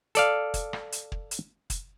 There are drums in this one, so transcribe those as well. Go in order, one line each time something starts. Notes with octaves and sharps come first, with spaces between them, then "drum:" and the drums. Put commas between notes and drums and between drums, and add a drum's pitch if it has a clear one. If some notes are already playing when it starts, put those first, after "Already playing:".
A4 D5 F5, drum: hi-hat
drum: kick, hi-hat
drum: rim click
drum: hi-hat
drum: kick
drum: hi-hat
drum: kick, hi-hat